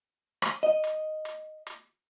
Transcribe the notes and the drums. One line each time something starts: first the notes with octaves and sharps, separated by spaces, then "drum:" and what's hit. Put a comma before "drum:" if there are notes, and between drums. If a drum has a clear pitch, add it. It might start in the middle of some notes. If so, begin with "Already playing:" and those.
drum: rim click
D#5
drum: hi-hat
drum: hi-hat
drum: hi-hat